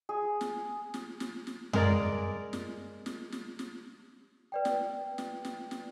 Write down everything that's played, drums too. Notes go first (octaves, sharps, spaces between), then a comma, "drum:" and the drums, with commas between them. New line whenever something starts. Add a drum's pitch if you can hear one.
G#4
drum: snare
drum: snare
drum: snare
drum: snare
G#3 A#4 D5, drum: tom F#2
drum: snare
drum: snare
drum: snare
drum: snare
B4 D5 G5
drum: snare
drum: snare
drum: snare
drum: snare